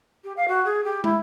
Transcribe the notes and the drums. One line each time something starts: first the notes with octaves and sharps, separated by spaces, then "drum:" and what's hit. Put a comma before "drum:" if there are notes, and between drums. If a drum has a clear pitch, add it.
G4
F5
F#4
G#4
G4
E4, drum: tom